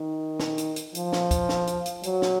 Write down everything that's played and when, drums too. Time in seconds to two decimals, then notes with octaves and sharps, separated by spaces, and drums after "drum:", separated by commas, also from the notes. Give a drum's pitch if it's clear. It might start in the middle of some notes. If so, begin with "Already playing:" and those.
Already playing: D#3
0.40 drum: snare
0.58 drum: hi-hat
0.76 drum: hi-hat
0.95 F3, drum: hi-hat
1.13 drum: snare
1.31 drum: kick, hi-hat
1.49 drum: snare
1.67 drum: hi-hat
1.86 drum: hi-hat
2.03 F#3, drum: hi-hat
2.22 drum: snare